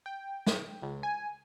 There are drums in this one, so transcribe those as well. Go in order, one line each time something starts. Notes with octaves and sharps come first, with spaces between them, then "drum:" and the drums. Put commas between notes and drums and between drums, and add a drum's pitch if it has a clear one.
G5
drum: snare
C#2
G#5